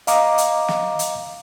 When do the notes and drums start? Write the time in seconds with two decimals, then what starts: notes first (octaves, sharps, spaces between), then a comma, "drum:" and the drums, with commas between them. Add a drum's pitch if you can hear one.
0.07 D#5 F5 A#5 D6, drum: hi-hat
0.38 drum: hi-hat
0.68 drum: snare
0.99 drum: hi-hat